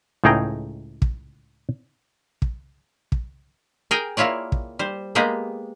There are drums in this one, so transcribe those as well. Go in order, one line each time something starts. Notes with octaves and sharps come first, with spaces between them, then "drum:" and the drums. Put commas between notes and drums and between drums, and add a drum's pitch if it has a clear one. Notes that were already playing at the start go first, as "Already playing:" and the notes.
C#2 A2 D#4 G#4 G5 A#5
drum: kick
drum: kick
drum: kick
G#4 A#4 G5 G#5 A#5
A#3 E4 F4 C#5 D5
drum: kick
G3 C5
G#3 A#3 B3 G4 G#4 G5